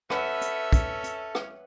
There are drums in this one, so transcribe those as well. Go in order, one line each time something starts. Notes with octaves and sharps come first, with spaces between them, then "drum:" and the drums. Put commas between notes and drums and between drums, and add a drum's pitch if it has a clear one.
C#4 A4 B4 E5 F#5, drum: rim click
drum: hi-hat
drum: kick, hi-hat
drum: hi-hat
drum: rim click